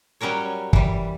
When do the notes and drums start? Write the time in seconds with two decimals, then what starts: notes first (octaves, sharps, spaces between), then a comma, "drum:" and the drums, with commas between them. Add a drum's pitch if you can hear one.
0.21 F#3 G3 C#4 A#4 C#5
0.73 E3 G3, drum: kick